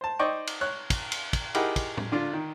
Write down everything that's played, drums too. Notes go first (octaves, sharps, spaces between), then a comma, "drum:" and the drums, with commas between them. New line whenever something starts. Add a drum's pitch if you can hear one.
C5 A5
D#4 C5 D5 D#5 G5 C#6
drum: cymbal
C#5 F#6
drum: kick, cymbal
drum: cymbal
drum: kick, cymbal
D#4 E4 G4 G#4 A#4 F#5, drum: cymbal
drum: kick, cymbal
drum: tom A2
D3 D4 F4
D#3